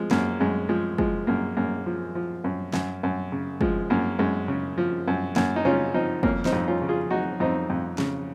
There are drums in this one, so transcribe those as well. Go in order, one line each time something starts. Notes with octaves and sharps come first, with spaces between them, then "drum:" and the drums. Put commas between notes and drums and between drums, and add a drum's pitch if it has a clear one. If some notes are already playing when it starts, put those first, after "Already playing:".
Already playing: F3 G#3
F#2 A#3, drum: snare
F#2 G#3
F3 G#3
F3 G#3, drum: kick
F#2 A#3
F#2 A#3
F3
F3
F#2
F#2, drum: snare
F#2
C#3
F3 G#3, drum: kick
F#2 A#3
F#2 G#3
C#3
F3
F#2
F#2 A#3, drum: snare
D#4
C#3 C#4 F4
F3 C4 D#4
F2 A#3 C#4, drum: kick
C4 D#4, drum: snare
F2
C#4 F4
C#3
F4 G#4
F#3 D#4 F#4
F2 C4 D#4
F2
C#3, drum: snare